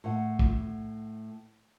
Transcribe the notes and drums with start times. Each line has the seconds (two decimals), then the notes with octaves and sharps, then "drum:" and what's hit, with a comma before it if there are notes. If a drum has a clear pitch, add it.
0.04 A2 F#5
0.39 drum: kick